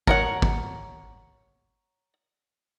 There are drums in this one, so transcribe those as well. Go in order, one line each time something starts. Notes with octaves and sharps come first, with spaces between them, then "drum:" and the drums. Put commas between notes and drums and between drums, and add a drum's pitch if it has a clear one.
A#4 C#5 F#5, drum: kick
drum: kick